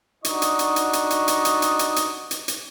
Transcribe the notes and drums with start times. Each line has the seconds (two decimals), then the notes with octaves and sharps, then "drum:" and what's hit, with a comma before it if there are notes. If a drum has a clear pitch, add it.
0.25 D4 D#4 F#4 D#5 C#6, drum: hi-hat
0.42 drum: hi-hat
0.59 drum: hi-hat
0.76 drum: hi-hat
0.93 drum: hi-hat
1.10 drum: hi-hat
1.28 drum: hi-hat
1.45 drum: hi-hat
1.62 drum: hi-hat
1.79 drum: hi-hat
1.96 drum: hi-hat
2.31 drum: hi-hat
2.48 drum: hi-hat